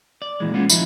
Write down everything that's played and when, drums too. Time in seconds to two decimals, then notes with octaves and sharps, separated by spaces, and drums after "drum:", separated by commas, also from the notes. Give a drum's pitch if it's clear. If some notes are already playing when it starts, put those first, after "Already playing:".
0.22 D5
0.40 A#2 E3 G#3
0.54 G#3 B3 C#4 F4
0.70 F3 D#4 E4, drum: tambourine